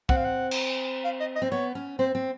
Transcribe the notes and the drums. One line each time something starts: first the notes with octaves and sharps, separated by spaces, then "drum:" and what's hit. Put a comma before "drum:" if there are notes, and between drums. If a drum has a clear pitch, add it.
C4 F#5, drum: kick
F5
F#5
drum: cymbal
F5
D#5
D#5
C4
B3 C#5
C#4
C4 C5
C4